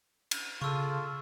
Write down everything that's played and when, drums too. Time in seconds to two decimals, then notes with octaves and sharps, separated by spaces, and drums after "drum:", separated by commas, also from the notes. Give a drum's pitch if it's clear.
0.31 drum: cymbal
0.62 C#3 F4 A4 C#6 E6